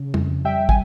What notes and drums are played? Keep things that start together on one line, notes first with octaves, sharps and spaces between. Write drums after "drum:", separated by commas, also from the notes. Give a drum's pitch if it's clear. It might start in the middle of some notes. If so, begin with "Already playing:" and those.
Already playing: C#3
F2, drum: tom
G3 E5 G5
G#5, drum: kick